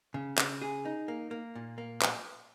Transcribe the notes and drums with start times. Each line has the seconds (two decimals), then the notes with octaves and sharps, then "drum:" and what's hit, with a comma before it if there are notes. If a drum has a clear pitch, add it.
0.14 C#3
0.38 C#3, drum: clap
0.62 G#4
0.85 D#4
1.08 A#3
1.31 A#3
1.55 A#2
1.78 A#3
2.02 drum: clap